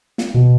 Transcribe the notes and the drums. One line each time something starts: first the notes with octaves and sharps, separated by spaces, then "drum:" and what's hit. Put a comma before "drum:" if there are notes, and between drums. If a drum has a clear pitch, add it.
drum: snare
B2